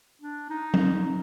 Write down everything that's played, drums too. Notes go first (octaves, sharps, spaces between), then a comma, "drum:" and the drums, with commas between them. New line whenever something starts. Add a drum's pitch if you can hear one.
D4
D#4
drum: tom F#3